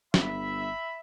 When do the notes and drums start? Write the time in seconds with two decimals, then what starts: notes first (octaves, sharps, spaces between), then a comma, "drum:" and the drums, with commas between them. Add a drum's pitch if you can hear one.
0.14 G1 E5 B5, drum: snare